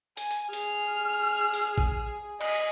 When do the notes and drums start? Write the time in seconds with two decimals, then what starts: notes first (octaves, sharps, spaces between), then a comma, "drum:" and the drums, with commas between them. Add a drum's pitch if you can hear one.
0.17 G#5, drum: hi-hat
0.31 drum: hi-hat
0.53 G#4 F6, drum: hi-hat
1.54 drum: hi-hat
1.78 drum: kick A1
2.41 D#5 G#5, drum: cymbal